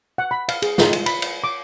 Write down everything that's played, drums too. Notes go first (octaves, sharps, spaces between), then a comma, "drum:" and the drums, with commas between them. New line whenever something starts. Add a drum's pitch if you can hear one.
F#5
B5
F5, drum: cymbal
G#4, drum: cymbal
F4, drum: snare
drum: cymbal
B5, drum: cymbal
drum: cymbal
D6